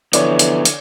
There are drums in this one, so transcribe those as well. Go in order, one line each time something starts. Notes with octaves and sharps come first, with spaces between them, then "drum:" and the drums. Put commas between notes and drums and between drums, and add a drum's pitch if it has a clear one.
D3 E3 F3 B3 C#5 D5, drum: hi-hat
drum: hi-hat
drum: hi-hat